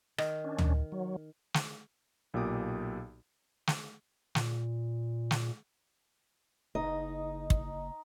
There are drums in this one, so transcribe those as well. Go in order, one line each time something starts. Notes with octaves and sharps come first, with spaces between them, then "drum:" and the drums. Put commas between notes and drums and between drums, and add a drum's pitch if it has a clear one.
D#3, drum: rim click
C#4 D4
drum: tom
F#3
drum: snare
B1 A#2 G4 D6 D#6
drum: snare
A#2, drum: snare
drum: snare
F#1 D#4 D#5
drum: kick